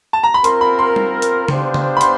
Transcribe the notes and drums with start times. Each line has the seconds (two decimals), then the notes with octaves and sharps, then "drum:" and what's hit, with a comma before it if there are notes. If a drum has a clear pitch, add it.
0.13 A5
0.24 A#5
0.34 B5
0.44 C4 F4 A#4 C6, drum: hi-hat
0.61 B5
0.79 C6
0.96 drum: tom G3
1.22 drum: hi-hat
1.48 B3 D4 G4 C5 F5, drum: tom C#3
1.74 drum: tom C#3
1.97 B5
2.01 C6, drum: hi-hat